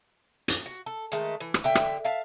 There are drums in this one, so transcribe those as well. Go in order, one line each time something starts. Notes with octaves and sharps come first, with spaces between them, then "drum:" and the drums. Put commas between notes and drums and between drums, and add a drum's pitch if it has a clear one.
drum: hi-hat
F#4
A4
D#3 G#3 A3 A5
E3
drum: rim click
D3 E5 G5
drum: rim click
E5 F5 A5